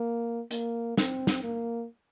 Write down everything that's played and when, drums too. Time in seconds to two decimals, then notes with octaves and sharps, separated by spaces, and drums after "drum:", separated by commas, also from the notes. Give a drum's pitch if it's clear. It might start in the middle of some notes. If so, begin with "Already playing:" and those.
Already playing: A#3
0.51 A#3, drum: hi-hat
0.97 C4, drum: snare
1.27 drum: snare
1.43 A#3